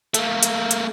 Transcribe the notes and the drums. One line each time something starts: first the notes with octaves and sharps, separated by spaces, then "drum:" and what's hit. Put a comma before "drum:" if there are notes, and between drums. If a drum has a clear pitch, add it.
A3 A#3, drum: hi-hat
drum: hi-hat
drum: hi-hat